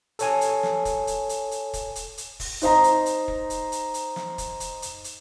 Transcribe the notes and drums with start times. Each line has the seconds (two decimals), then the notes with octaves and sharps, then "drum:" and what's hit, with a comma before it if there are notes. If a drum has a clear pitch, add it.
0.19 A4 C#5 G#5, drum: hi-hat
0.41 drum: hi-hat
0.63 drum: snare
0.85 drum: kick, hi-hat
1.07 drum: hi-hat
1.29 drum: hi-hat
1.51 drum: hi-hat
1.73 drum: kick, hi-hat
1.96 drum: hi-hat
2.18 drum: hi-hat
2.40 drum: kick, open hi-hat
2.62 D#4 C5 D#5 A#5, drum: hi-hat
2.84 drum: hi-hat
3.06 drum: hi-hat
3.28 drum: kick
3.50 drum: hi-hat
3.72 drum: hi-hat
3.94 drum: hi-hat
4.16 drum: snare
4.38 drum: kick, hi-hat
4.60 drum: hi-hat
4.82 drum: hi-hat
5.04 drum: hi-hat